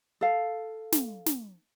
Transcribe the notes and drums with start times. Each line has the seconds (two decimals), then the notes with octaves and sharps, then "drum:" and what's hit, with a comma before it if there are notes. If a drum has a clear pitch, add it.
0.21 A4 F5
0.92 drum: snare
1.26 drum: snare